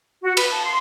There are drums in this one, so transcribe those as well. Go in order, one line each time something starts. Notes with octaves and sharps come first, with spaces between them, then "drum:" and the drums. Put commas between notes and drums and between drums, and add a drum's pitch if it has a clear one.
F#4
B4, drum: cymbal
A5
C6